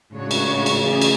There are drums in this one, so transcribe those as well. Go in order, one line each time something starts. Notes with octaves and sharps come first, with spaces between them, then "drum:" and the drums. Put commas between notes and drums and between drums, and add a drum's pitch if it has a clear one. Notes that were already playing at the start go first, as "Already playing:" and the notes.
A2 C#3 G#3 D4 F#4 C#5
drum: cymbal
drum: cymbal
E3 A3 C#4 G#4 D5
drum: cymbal